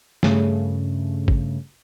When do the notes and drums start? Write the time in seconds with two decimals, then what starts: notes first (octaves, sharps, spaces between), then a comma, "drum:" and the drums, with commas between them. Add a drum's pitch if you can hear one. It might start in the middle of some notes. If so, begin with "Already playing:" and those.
0.23 G2 C#3 A3, drum: snare
1.28 drum: kick G#1